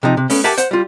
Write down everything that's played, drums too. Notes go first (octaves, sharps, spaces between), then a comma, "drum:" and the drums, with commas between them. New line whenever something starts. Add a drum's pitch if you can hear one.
C3 F3 D#4
C3
A3 B3 C#4, drum: open hi-hat
G4 A#4 E5 F#5 G#5 A5
C5 F#5, drum: hi-hat
G3 F4